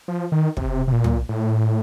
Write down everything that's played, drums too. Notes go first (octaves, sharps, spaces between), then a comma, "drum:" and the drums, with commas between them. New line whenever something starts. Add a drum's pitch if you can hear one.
F3
D#3
C3, drum: kick
C3
A#2
drum: tom
A2